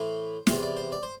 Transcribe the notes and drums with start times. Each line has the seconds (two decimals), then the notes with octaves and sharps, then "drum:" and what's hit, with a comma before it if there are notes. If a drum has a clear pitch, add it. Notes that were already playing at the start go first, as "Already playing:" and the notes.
Already playing: A2 E3 C5
0.47 E2 C3 E3 C5, drum: snare
0.63 D5
0.77 C5
0.92 D5
1.03 C5